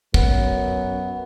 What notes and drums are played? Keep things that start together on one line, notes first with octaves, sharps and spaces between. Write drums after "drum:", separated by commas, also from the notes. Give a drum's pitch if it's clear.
F#2 B3, drum: kick